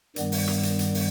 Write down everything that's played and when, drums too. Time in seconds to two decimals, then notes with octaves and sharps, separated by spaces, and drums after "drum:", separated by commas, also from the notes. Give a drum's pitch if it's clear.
0.16 G2 D#3 G3 B3, drum: hi-hat
0.32 drum: open hi-hat
0.48 drum: rim click
0.63 drum: hi-hat
0.79 drum: hi-hat
0.95 drum: open hi-hat